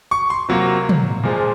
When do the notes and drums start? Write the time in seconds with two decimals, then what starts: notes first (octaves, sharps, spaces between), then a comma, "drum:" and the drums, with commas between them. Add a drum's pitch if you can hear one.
0.11 C#6
0.30 C6
0.49 C3 F#3 A#3
0.89 drum: tom
1.23 A#2 F3 G#3